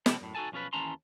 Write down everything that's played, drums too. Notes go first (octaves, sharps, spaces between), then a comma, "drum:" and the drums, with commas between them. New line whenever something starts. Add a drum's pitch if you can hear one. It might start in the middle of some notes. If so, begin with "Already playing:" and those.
C3 F3 C4 E4 G4 A4, drum: snare
F#2 A2
D#4 F#4 G#4 A4 G#5 A5
B1 F3 C#4 F4 B4
D#2 E3 C#4 A5 A#5 C6